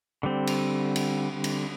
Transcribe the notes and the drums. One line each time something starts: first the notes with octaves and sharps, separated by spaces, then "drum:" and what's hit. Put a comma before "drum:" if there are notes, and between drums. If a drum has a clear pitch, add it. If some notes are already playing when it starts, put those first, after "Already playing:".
D3 G3 C4
drum: cymbal
drum: cymbal
drum: cymbal